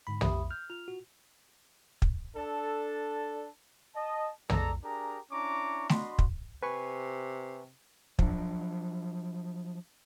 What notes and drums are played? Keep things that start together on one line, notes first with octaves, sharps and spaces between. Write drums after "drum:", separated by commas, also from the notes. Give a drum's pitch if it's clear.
G#2 D3 B5
G4 E5 B5 D#6, drum: tom
F6 G6
F4 F7
F#4
drum: kick
D4 A4
D#5 A5
G#3 A4 D5 A#5, drum: tom
D4 G4 G#4 A#4 A#5
C#4 D4 E4 A#5 C#6 D6
D4 F#4 D#5 B5 C6, drum: snare
drum: kick
C3 B4 G#5 C#6
F3 F#3 D4, drum: kick